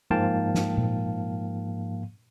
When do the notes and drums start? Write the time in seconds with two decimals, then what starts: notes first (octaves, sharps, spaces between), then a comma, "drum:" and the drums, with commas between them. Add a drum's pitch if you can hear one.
0.10 G#2 F3 A#3 F5 G5 A5, drum: tom G2
0.54 drum: snare
0.78 drum: tom A#2